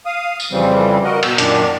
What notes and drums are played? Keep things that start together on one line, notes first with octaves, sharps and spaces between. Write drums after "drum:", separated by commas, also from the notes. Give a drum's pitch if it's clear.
F5 D#6
drum: tambourine
F2 C#3 E3 G3 C4
F#4 A#4 D#5
B2 E6 G6, drum: cymbal
F#2 A#2 D#3 D4, drum: hi-hat